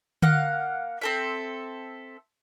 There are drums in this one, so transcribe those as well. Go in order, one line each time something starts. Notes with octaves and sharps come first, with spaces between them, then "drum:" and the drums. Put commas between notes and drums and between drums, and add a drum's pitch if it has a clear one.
A#3 F5 F#5, drum: tom D3
C4 A4 E5